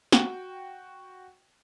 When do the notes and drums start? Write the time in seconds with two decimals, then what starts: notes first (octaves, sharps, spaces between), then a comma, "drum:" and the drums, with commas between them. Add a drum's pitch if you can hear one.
0.12 F#4 G5, drum: snare